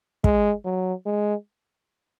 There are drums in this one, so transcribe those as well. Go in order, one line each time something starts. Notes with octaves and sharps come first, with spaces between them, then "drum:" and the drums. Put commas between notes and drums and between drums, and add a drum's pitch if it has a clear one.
G#3, drum: kick
F#3
G#3